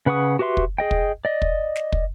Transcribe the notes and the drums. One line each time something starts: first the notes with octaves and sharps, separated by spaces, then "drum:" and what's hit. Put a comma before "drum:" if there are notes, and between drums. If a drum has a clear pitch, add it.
C#3 B4 F#5 C#6 D#6
F#4 G4 B4 E5 C6
drum: kick
G#4 D#5 G5
drum: kick
D5 D#5
drum: kick
drum: snare
drum: kick